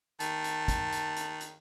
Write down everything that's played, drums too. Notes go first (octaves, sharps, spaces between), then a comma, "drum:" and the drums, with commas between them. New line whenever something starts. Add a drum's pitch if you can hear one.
D#3 A5, drum: hi-hat
drum: hi-hat
drum: kick, hi-hat
drum: hi-hat
drum: hi-hat
drum: hi-hat